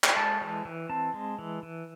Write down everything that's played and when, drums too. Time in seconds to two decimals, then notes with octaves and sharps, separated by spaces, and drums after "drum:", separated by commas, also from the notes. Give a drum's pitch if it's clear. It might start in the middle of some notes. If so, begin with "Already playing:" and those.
0.04 drum: clap
0.16 G#3 A5
0.41 E3
0.65 E3
0.89 C4 A5
1.14 G#3
1.39 E3
1.63 E3